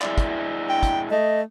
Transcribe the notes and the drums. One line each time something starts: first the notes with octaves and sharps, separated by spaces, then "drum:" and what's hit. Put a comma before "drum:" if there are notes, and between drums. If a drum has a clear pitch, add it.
G#3 E4 D5, drum: clap
drum: kick, hi-hat
G5
drum: kick, hi-hat
A3 D#5